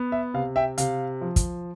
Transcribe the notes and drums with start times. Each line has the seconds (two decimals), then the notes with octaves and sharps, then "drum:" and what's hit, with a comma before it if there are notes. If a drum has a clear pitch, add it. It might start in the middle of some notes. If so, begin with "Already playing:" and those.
Already playing: B3
0.12 E5
0.34 C3 F5
0.56 E5 G5
0.78 C3 F5, drum: hi-hat
1.21 F3
1.36 drum: kick, hi-hat